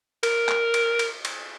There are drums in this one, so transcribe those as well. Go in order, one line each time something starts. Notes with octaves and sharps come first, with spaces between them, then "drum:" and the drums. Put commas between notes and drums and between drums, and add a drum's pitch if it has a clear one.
A#4, drum: cymbal
drum: clap
drum: cymbal
drum: cymbal
drum: cymbal